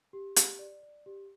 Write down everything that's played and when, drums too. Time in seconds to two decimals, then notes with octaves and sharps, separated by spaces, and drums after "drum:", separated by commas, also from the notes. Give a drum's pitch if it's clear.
0.13 G4
0.36 G4, drum: hi-hat
0.59 D5
0.83 D5
1.06 G4